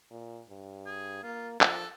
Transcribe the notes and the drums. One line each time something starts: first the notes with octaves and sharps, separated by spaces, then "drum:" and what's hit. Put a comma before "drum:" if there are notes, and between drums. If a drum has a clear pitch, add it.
A#2
G2
G#4
A#3 F4
F3 A4, drum: clap